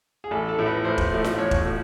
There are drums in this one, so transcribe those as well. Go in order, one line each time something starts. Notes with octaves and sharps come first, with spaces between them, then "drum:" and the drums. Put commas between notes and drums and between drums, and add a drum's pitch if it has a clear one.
G#4
A1 A4
A4
A2 F3 A3
B4
A1 C5
drum: kick E1
A2 F3 A3
drum: snare F4
A1 C#5
drum: kick E1
A2 F3